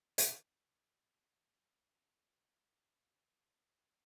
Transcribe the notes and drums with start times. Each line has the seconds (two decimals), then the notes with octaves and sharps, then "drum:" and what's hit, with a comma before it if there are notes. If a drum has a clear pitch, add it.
0.18 drum: hi-hat
0.94 A#3
1.06 C4
1.17 G#3
1.29 A#3
2.32 G#4
2.44 G4
2.56 G#4
2.67 A#4
2.79 G4
3.25 F4